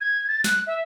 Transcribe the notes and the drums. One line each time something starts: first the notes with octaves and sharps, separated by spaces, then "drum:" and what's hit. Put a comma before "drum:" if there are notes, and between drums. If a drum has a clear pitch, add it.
G#6
A6
F#6, drum: snare
E5